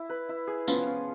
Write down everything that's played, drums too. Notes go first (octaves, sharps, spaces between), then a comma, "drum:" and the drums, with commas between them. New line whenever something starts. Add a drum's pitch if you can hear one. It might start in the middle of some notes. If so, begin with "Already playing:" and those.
Already playing: E4
B4
E4
G#4
F3 B3 C#4, drum: tambourine
C#4